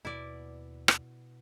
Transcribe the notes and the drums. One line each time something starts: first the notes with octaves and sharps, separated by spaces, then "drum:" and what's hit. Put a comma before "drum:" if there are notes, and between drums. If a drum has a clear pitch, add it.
D#2 B2 E4 D5
drum: rim click